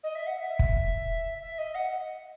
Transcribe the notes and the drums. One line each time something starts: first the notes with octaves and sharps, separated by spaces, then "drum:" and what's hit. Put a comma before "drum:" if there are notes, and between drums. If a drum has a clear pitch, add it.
D#5
E5
F#5
E5
E5
drum: kick
E5
D#5
F#5